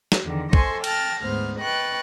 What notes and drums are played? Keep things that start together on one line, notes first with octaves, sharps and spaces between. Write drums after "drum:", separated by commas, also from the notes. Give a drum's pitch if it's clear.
drum: snare
E2 D3 D#3
A4 C5 D#5 G#5 C6 C#6, drum: kick
G5 A5 F6 A6 A#6, drum: cymbal
D2 G#2 B3 C5 F6
B4 D#5 G5 C#6 F#6 A6